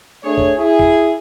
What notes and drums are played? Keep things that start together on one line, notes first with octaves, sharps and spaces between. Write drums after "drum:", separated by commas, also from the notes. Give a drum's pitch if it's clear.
A3 D4 G#4 C#5
drum: kick C2
E4 G#4
drum: kick C2